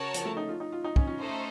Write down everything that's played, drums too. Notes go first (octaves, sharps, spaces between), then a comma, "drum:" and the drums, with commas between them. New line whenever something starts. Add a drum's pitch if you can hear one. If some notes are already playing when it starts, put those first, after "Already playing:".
Already playing: C#3 F#4 A#4 C#5 A5
F3, drum: hi-hat
A3
D#4
F4
D#4
F4
D#4
C#4, drum: kick
C#4
A3 D#4 A4 C5